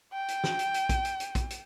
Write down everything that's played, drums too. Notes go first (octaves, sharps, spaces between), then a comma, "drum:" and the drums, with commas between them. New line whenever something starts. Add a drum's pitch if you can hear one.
G5
drum: hi-hat
drum: snare
drum: hi-hat
drum: hi-hat
drum: kick A#1, hi-hat
drum: hi-hat
drum: hi-hat
drum: kick A#1, hi-hat
drum: hi-hat